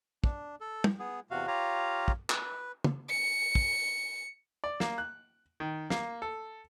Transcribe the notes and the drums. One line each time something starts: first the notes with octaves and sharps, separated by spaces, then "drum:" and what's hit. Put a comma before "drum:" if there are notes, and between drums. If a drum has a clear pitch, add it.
D4, drum: kick
A4
drum: tom
B3 G#4
E2 C3 F#4 F5
F4 G4 C#5 F5 A#5
drum: kick
B4, drum: clap
drum: tom
C#7
drum: kick
D5
A#3, drum: snare
F#6
D#3
A#3, drum: snare
A4